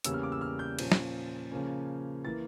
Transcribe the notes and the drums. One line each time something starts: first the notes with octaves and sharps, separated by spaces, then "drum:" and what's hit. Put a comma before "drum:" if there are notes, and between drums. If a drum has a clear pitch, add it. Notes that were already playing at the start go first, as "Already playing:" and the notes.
E2 C#3 G3 A#3 C#4 E6, drum: hi-hat
F6
D6
E6
F6
G6
A#2 F3 C#4, drum: cymbal
drum: snare
C#3 F3 A#3 C#4
E3 A#3 A6